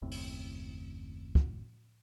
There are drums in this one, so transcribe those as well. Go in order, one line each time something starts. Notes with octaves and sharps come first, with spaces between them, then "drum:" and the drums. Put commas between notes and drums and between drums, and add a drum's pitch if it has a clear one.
F#1 D#2 A2 C4
drum: open hi-hat
drum: kick